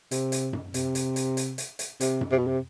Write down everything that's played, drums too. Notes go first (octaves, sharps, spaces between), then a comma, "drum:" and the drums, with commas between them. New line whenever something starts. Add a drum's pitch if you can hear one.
C3, drum: hi-hat
drum: hi-hat
drum: tom F#2
C3, drum: hi-hat
drum: hi-hat
drum: hi-hat
drum: hi-hat
drum: hi-hat
drum: hi-hat
C3, drum: hi-hat
drum: tom F#2
C3
B2
C3